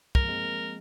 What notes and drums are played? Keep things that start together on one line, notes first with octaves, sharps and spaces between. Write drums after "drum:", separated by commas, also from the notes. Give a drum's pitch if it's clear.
F3 G#3 A#4, drum: kick
A#3
G#3 C4